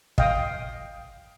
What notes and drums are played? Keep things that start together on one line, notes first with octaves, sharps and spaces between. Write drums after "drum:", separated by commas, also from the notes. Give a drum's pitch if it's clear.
D#5 F5 G5 D#6, drum: kick